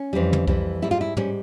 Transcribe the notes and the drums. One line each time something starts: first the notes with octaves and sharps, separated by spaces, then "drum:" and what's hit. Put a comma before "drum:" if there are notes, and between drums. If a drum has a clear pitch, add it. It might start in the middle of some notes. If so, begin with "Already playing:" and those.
Already playing: C#4
F2 E3 G3
drum: tom
F2 E3 G3, drum: kick C2
G#2 G3 E4
F4
E4
G#2 G3 C#4, drum: tom